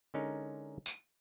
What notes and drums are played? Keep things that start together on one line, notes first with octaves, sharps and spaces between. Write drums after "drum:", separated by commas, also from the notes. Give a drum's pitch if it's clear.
D3 G#3 C#4 D#4 A#4
drum: tambourine